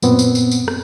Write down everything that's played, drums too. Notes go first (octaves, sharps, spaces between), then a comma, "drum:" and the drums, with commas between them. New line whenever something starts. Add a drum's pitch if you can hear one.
F#2 A#2 B3 C4, drum: tambourine
drum: tambourine
drum: tambourine
drum: tambourine
drum: rim click